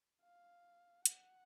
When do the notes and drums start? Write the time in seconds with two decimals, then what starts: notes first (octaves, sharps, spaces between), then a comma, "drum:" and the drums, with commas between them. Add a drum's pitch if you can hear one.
0.23 F5
1.05 F#5, drum: hi-hat